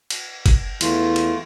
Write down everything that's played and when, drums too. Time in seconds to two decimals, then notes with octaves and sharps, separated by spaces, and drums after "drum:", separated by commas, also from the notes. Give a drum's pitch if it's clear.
0.10 drum: cymbal
0.46 drum: kick F#1, cymbal
0.81 E2 A3 F4, drum: cymbal
1.16 drum: cymbal